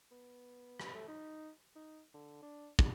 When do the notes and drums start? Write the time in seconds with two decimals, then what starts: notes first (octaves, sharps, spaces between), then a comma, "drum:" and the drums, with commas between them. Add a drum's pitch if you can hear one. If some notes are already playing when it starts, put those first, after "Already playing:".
0.12 B3
0.80 drum: rim click
0.94 A3
1.08 D#4
1.75 D#4
2.14 D3
2.42 D4
2.79 D4, drum: kick